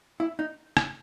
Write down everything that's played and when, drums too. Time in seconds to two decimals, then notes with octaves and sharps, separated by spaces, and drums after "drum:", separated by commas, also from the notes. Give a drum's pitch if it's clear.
0.20 E4
0.39 D#4
0.77 drum: rim click